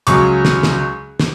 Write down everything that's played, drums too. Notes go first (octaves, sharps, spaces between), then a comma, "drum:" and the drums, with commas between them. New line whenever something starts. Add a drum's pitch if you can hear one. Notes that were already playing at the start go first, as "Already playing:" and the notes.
C#2 C#3 F#3 C#6, drum: hi-hat
drum: snare
drum: snare
drum: snare